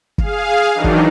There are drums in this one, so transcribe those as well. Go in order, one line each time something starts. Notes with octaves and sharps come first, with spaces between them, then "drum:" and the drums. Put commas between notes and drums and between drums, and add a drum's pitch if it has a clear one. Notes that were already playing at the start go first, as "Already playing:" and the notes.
G#4 F5, drum: kick
D#3 E3 F#3 D4 D#4
drum: kick